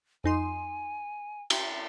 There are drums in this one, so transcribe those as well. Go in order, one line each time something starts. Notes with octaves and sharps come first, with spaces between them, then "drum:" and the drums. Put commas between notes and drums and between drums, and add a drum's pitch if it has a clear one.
F2 D#4 G#5 C6
drum: cymbal